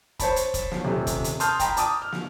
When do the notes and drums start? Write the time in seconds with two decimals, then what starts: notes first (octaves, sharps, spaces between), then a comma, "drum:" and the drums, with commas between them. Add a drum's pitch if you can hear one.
0.19 C5 C#5 A5 B5, drum: kick, hi-hat
0.36 drum: hi-hat
0.54 drum: kick, hi-hat
0.71 drum: snare
0.85 D#1 C3
1.07 drum: kick, hi-hat
1.24 drum: hi-hat
1.40 A5 C6 D#6 F6 G6, drum: hi-hat
1.60 G5 A#5 B5, drum: kick, hi-hat
1.77 A5 D6 D#6, drum: hi-hat
2.02 F6
2.12 drum: snare